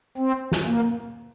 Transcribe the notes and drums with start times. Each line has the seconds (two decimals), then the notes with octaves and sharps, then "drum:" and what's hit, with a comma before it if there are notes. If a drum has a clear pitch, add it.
0.18 C4
0.52 drum: snare
0.66 A#3